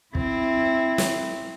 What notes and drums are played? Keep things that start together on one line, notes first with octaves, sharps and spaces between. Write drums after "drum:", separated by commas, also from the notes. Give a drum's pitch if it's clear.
C4 E4, drum: kick
drum: snare